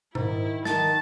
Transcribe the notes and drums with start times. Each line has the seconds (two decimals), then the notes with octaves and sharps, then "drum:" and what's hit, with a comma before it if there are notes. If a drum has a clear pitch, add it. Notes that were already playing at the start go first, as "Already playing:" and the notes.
0.15 G#2 D#3 E4, drum: tom A#2
0.65 D#3 A5 A6, drum: snare